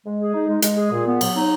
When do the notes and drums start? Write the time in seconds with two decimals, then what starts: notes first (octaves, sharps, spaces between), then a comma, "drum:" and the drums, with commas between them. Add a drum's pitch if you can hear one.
0.04 G#3
0.19 G#4
0.33 D#4
0.48 G#3
0.62 G#3, drum: hi-hat
0.77 G#4
0.92 A#2
1.06 B3
1.21 F#3, drum: cymbal
1.36 D#4